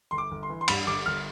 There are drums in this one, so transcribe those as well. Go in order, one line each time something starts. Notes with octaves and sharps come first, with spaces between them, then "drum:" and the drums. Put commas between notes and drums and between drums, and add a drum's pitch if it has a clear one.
G1 C6
D6
G1
C6
E3
C6
G2 B5, drum: cymbal
G1 D6
G1 F6